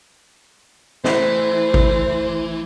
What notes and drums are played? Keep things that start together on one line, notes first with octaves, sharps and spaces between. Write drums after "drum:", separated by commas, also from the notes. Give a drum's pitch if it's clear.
E3 A3 E4 C5, drum: snare
drum: kick G#1